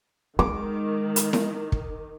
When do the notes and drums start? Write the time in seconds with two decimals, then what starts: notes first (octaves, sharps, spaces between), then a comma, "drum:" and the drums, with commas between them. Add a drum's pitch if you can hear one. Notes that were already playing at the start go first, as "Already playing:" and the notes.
0.39 D#3 G#3 D6
1.16 drum: hi-hat
1.33 drum: snare E4
1.72 drum: kick